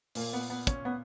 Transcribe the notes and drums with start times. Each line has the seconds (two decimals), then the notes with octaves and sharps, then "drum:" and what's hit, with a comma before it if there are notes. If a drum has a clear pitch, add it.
0.15 A#2 A#3, drum: open hi-hat
0.33 B3
0.50 B3
0.67 C#4, drum: kick, hi-hat
0.85 B3